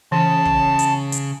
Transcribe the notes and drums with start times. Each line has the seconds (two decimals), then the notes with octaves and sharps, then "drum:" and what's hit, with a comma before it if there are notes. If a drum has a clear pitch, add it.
0.12 C#3 E3 A5
0.45 drum: kick
0.79 drum: hi-hat
1.12 drum: hi-hat